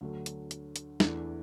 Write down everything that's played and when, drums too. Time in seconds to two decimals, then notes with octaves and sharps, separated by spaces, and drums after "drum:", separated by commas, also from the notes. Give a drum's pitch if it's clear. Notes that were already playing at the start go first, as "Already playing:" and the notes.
0.01 D2 D3 F#3 A3
0.26 drum: hi-hat
0.51 drum: hi-hat
0.76 drum: hi-hat
1.00 E2 E3 A3 D4, drum: snare